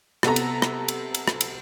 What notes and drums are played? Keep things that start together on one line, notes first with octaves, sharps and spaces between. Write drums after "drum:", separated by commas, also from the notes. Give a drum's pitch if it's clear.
C3 B3 A4 A#5, drum: rim click
drum: cymbal
drum: rim click
drum: cymbal
drum: cymbal
drum: rim click
drum: cymbal